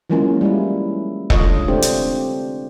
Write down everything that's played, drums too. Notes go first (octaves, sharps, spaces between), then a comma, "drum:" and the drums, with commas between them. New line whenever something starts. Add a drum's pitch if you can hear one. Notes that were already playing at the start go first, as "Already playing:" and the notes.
E3 F#3 G#3 A#3 C#4 F4
G3 G#3 E4
D3 G#3 F4 A4 C#5 D#5, drum: kick E1
C3 A3 D4 G4 C5
drum: hi-hat